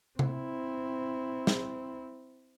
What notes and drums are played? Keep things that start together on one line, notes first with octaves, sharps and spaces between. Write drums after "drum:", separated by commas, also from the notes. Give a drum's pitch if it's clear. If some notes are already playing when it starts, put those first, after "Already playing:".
C4 E4, drum: tom C3
drum: snare